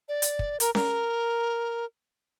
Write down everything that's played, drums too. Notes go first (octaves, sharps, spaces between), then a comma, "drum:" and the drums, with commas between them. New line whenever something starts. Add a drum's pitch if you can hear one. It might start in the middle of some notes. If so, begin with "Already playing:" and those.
D5
drum: hi-hat
drum: kick
A#4, drum: hi-hat
A#4, drum: snare C#4